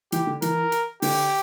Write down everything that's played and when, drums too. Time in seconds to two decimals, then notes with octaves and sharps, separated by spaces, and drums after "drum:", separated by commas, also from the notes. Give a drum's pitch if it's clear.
0.12 E3 G4, drum: hi-hat
0.27 D3
0.42 E3 A#4, drum: hi-hat
0.72 drum: hi-hat
1.02 D3 G4, drum: open hi-hat